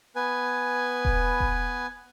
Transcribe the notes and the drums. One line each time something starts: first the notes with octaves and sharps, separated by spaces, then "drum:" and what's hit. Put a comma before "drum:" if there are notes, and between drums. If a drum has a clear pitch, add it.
B3 B4 G#5
drum: kick E1
drum: kick E1